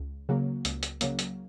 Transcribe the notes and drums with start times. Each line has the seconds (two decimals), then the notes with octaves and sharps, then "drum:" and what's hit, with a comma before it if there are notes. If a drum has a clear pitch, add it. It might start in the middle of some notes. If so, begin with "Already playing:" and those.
Already playing: C#2
0.29 C#3 F#3 A#3
0.65 C#2, drum: hi-hat
0.83 drum: hi-hat
1.01 C#3 F#3 A#3, drum: hi-hat
1.19 drum: hi-hat